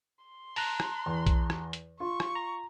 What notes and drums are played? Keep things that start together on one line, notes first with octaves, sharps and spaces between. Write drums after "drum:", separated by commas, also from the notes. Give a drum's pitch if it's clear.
C6
A5 A#5 F#6, drum: open hi-hat
drum: rim click
E2
drum: kick B1, hi-hat
drum: rim click
drum: hi-hat
F4 C#6
drum: rim click
A#5